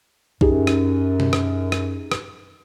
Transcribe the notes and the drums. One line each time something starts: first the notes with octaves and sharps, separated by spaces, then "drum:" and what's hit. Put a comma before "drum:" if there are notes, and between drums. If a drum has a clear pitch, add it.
F#2 D#4 G4 G#4, drum: kick B1
drum: rim click
drum: tom B2
drum: rim click
drum: rim click
drum: rim click